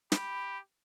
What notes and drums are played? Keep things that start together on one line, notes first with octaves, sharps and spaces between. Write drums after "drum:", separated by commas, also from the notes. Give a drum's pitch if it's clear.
G4 B5, drum: snare